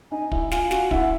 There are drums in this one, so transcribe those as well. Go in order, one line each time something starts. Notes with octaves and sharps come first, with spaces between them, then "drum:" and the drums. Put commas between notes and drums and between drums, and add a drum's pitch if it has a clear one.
D#4 G#5
E4, drum: kick
F4 G#5, drum: snare
F#4, drum: snare
E4 F#5, drum: kick